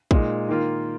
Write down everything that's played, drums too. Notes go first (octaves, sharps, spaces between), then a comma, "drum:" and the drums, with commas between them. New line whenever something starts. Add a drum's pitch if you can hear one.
A#2 G#3 D#4, drum: kick
D#3 A#3 F4